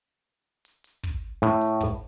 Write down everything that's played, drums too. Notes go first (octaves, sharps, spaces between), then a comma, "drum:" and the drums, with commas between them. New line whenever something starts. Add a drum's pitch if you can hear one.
drum: hi-hat
drum: hi-hat
drum: kick, hi-hat
A2, drum: hi-hat
drum: hi-hat
drum: kick, hi-hat